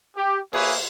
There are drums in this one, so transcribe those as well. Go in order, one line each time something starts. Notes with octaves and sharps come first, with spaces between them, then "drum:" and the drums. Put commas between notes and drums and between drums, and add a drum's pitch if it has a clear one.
G4
A#3 G#4 B4 C#5 E5, drum: cymbal